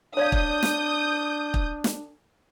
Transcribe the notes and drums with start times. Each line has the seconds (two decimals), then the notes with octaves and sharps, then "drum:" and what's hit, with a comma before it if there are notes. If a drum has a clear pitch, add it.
0.17 D4 C#5 D5 F5 D#6 G6
0.32 drum: kick
0.63 drum: snare
1.54 drum: kick
1.84 drum: snare